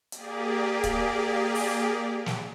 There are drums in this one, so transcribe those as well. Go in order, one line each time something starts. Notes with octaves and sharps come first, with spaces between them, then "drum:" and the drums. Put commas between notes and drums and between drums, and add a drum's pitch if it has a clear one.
A#3 G4 G#4 D5, drum: hi-hat
drum: kick, hi-hat
drum: open hi-hat
drum: snare